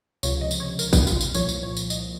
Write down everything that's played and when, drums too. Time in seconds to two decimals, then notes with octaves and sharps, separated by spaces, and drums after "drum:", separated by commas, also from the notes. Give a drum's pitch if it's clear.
0.23 C#2 C3 F3 C#5, drum: tambourine
0.41 D#5
0.51 drum: tambourine
0.60 C#5
0.79 A#4, drum: tambourine
0.93 drum: kick A1, tambourine
1.07 F4, drum: tambourine
1.21 drum: tambourine
1.34 C2 A#2 F3 C#5, drum: tambourine
1.49 drum: tambourine
1.63 C#5
1.77 drum: tambourine
1.90 D#5, drum: tambourine